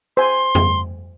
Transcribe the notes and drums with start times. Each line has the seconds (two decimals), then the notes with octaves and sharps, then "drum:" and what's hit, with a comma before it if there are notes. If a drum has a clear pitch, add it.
0.17 C5 G#5 C6
0.55 drum: tom F2